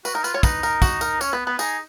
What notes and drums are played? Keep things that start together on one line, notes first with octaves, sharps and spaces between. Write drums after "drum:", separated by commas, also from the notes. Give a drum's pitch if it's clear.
F#4 B4, drum: tambourine
D#4 A#4
F4 B4, drum: tambourine
F4 C#5
D#4 B4, drum: kick, tambourine
A#4, drum: tambourine
F#4, drum: kick, tambourine
A#4, drum: tambourine
C#4 C#5, drum: tambourine
B3 B4
B3 B4
D#4 G#4, drum: tambourine